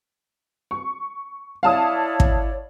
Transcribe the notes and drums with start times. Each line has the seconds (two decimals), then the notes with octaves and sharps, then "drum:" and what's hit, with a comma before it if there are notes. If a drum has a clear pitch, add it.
0.71 C#6
1.63 E4 C#5 D5 F5 A5 D#6
2.20 drum: kick